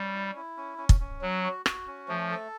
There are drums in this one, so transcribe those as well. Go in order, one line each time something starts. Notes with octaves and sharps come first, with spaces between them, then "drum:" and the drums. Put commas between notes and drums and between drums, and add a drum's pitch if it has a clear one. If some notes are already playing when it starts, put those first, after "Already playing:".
Already playing: G3 C#4
E4
E4
C#4
C#4
drum: kick
C#4
F#3 F#4
F#4
F#4, drum: rim click
C#4
F3 A3
A4